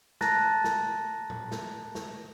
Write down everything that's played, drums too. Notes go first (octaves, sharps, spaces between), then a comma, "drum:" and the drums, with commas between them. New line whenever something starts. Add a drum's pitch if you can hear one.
A5 A#5 F#6 A6 A#6, drum: snare
drum: snare
drum: tom A2
drum: snare
drum: snare